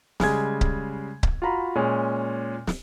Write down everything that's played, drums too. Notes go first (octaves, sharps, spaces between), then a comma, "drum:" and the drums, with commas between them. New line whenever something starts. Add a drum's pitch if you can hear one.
C#3 G3 G#3 G#6, drum: snare
drum: kick C#1
drum: kick C#1
F4 F#4 A#5 B5
A#2 G#3 C#4
drum: snare